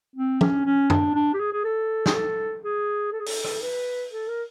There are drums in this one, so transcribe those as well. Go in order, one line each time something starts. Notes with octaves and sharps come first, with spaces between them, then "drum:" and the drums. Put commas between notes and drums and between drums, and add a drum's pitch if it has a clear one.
C4
C#4, drum: tom
C#4
D4, drum: tom F#2
D4
G4
G#4
G#4
A4
G#4, drum: snare
A4
G#4
A4
G#4
A4, drum: open hi-hat
drum: rim click
B4
A4
A#4